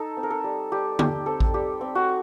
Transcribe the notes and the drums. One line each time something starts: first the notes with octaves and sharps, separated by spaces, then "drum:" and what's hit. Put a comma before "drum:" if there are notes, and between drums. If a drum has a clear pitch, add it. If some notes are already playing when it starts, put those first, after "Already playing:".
Already playing: D#4 A4
C4
A#4
A4
G3
G3 G4
D#4 G4, drum: tom
C4 A4
drum: kick A1
G3 G4
C4
F#4